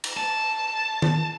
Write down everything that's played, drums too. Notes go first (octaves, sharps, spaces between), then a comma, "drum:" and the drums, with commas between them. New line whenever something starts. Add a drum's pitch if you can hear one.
drum: cymbal
A5
drum: tom D#3